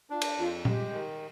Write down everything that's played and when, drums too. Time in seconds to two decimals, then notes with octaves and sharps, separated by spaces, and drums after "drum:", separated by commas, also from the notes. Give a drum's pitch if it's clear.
0.10 D4 F4
0.22 drum: cymbal
0.38 F2 F4
0.65 G#3 G4, drum: tom A#2
0.93 D#3